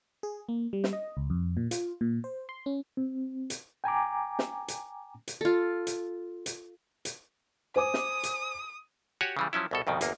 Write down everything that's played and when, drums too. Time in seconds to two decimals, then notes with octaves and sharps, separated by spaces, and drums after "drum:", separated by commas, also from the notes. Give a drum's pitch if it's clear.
0.23 G#4
0.49 A#3
0.73 G3
0.84 drum: snare
0.93 D#5
1.17 C#2
1.30 F2
1.57 A#2
1.71 F4, drum: hi-hat
2.01 A#2
2.24 C5
2.49 C6
2.66 C#4
2.97 C4
3.50 drum: hi-hat
3.84 G5 G#5 A#5 D6
4.39 drum: snare
4.68 drum: hi-hat
5.28 drum: hi-hat
5.41 F4 A4
5.87 drum: hi-hat
6.46 drum: hi-hat
7.05 drum: hi-hat
7.76 C5 G#5 D6 D#6
7.94 drum: snare
8.23 drum: hi-hat
9.21 F#4 G4 C#5 F#5 G#5
9.37 C#3 E3 G3
9.53 F3 F#3 C#4 E4
9.71 C2 B2 A4
9.87 C2 F2 B2 D#3
10.01 G1 E2 A#3, drum: hi-hat